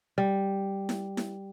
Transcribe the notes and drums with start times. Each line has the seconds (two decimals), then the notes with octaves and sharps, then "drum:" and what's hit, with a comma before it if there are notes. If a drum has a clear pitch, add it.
0.18 G3
0.89 drum: snare E4
1.17 drum: snare E4